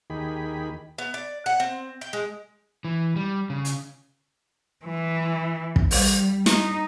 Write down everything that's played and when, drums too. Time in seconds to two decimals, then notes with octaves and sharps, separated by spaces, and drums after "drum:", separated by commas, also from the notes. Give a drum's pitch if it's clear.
0.10 D#2 D#3 G4 G#4 B5
0.98 B3
1.14 D5
1.46 F#5
1.60 C4
2.01 G5
2.13 G#3
2.84 E3
3.16 G3
3.50 C#3
3.65 drum: hi-hat
4.85 E3
5.76 drum: kick
5.91 G3, drum: open hi-hat
6.46 D#4, drum: snare